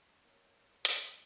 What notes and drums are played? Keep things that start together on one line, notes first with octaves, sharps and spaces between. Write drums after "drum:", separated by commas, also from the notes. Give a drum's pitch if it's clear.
B3 A#4 C#5
drum: hi-hat